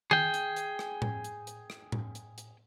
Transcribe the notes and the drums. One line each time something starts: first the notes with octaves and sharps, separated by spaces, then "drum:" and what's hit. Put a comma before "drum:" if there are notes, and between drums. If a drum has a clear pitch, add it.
G#4 G5, drum: tom D#3
drum: hi-hat
drum: hi-hat
drum: rim click
drum: tom A2
drum: hi-hat
drum: hi-hat
drum: rim click
drum: tom A2
drum: hi-hat
drum: hi-hat